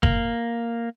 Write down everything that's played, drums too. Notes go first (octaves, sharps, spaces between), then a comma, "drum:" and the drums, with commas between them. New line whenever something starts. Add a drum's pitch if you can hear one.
A#3, drum: kick F#1